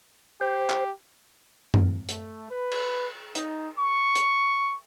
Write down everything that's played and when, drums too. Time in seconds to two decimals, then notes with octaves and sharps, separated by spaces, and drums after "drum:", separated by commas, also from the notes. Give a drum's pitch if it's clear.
0.41 G4 C5
0.70 drum: clap
1.74 drum: tom F#2
2.09 A3, drum: hi-hat
2.50 B4
2.72 drum: cymbal
3.35 D#4, drum: hi-hat
3.79 C#6
4.15 drum: hi-hat